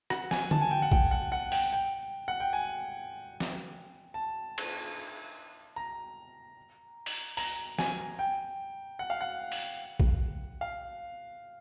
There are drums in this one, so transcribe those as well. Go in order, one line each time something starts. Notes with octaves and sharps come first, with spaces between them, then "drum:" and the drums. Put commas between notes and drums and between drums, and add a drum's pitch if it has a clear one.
F#5, drum: rim click
G#5, drum: snare
A5, drum: tom D3
G#5
G5
F#5
G5, drum: kick A#1
F#5
F#5
G5, drum: open hi-hat
G5
F#5
G5
G#5
drum: snare
A5
drum: cymbal
A#5
drum: open hi-hat
A#5, drum: open hi-hat
G#5, drum: snare
G5
F#5
F5
F#5
drum: open hi-hat
drum: kick A#1
F5